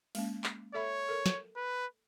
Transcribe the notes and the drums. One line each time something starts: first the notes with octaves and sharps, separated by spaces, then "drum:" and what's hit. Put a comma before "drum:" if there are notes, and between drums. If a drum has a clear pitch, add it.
G#3 A#3 C#4, drum: open hi-hat
drum: clap
A4 C#5 E5 B5
A4 A#4
drum: snare
B4